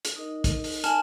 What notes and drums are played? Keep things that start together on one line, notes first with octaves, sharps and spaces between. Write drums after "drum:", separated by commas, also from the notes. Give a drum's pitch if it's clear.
drum: hi-hat
D#4 A#4 D#5
drum: kick, hi-hat
drum: open hi-hat
G#5 A5 F6 E7 F#7, drum: hi-hat